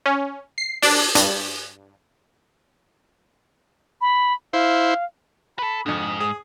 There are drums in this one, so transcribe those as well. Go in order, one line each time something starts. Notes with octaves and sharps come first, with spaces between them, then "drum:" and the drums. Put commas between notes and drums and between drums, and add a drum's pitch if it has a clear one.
C#4
C7
D4, drum: open hi-hat
G2, drum: hi-hat
B5
E4 C5 F5
A4 B4 B5
F2 G#2 D3 D#6
G#4